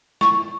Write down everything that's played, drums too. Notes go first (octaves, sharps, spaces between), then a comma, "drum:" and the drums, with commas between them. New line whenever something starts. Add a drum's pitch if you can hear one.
C#6, drum: snare